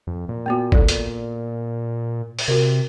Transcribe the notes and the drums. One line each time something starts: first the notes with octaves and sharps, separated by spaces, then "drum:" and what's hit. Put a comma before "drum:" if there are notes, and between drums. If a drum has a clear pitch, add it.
F2
A#2
A#3 B3 F#4
A4 D5, drum: kick
drum: hi-hat
drum: open hi-hat
C3 F#4 A#4